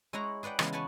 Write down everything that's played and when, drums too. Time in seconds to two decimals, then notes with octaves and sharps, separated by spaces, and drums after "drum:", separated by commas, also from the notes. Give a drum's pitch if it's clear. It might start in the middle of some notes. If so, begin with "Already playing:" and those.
0.13 G#3 E4 C#5 F#5 A#5
0.43 G#4 B4 D5 F#5 G5
0.59 C#3 E3 G#3 B3, drum: rim click
0.73 B4 C#5 F#5 G#5 A5 B5